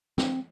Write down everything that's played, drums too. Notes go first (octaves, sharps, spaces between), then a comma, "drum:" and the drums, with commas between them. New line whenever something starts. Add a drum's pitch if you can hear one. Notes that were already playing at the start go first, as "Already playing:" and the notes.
C4, drum: snare